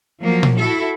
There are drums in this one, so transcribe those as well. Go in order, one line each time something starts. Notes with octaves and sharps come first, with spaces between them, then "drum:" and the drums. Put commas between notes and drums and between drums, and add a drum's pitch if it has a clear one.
F3 F#3 A#3
drum: tom A#2
E4 F#4 A4